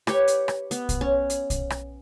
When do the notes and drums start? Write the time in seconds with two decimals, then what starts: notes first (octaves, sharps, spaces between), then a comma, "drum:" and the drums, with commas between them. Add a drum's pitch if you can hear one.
0.07 G4 B4 C#5, drum: rim click
0.28 drum: hi-hat
0.48 drum: rim click
0.71 B3, drum: hi-hat
0.89 drum: kick, hi-hat
1.01 C#4
1.30 drum: hi-hat
1.50 drum: kick, hi-hat
1.70 drum: rim click